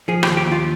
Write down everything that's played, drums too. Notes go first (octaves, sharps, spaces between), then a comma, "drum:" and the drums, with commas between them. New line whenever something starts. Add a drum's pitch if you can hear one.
F3 G#4
G4, drum: rim click
D#2
G4
D#2
F4